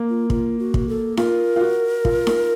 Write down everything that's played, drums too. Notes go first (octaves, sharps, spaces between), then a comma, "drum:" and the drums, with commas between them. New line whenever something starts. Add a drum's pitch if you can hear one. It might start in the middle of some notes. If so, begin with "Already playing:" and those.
Already playing: A#3
F4
F4, drum: kick
F#4
drum: kick
A4
F4 A#4, drum: snare D#4
F4
F#4
F4, drum: kick
drum: snare D#4